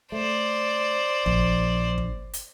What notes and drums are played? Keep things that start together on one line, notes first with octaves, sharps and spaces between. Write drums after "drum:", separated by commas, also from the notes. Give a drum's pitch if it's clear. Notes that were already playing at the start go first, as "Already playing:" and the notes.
A3 C5 D5
A#1, drum: kick
drum: kick
drum: hi-hat